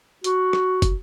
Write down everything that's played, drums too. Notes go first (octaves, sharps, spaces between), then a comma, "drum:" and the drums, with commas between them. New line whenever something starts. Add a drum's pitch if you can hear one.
F#4, drum: hi-hat
drum: rim click
drum: kick, hi-hat